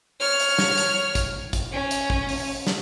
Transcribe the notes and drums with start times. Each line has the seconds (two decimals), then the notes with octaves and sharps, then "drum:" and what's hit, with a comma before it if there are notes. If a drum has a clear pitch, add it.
0.21 C#5 F6
0.40 drum: hi-hat
0.58 drum: snare
0.77 drum: hi-hat
1.15 drum: kick, hi-hat
1.53 drum: kick, hi-hat
1.73 C#4
1.91 drum: hi-hat
2.10 drum: kick
2.29 drum: open hi-hat
2.67 drum: snare